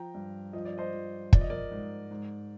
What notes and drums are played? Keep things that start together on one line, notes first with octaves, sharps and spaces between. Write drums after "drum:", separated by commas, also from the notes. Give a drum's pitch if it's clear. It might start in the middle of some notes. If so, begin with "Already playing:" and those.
Already playing: F3 G5 A#5
G2
F3 D#5
D5
C5 D#5
F3
F3 D5, drum: kick
D#5
A#4 D5
G#2
G#2